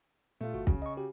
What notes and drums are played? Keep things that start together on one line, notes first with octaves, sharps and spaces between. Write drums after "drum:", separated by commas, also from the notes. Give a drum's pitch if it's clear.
A#2 A3 F4
G1 F#4
C#3, drum: kick
D#5 C#6
F#4 G4